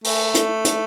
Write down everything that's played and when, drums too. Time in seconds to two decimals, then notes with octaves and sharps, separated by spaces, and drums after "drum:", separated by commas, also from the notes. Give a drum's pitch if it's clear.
0.04 A3, drum: open hi-hat
0.35 drum: hi-hat
0.65 drum: hi-hat